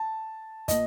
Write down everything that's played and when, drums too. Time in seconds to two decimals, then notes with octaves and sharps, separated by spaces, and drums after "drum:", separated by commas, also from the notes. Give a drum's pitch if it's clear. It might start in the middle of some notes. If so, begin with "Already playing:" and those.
Already playing: A5
0.68 A#2 D#5, drum: kick, hi-hat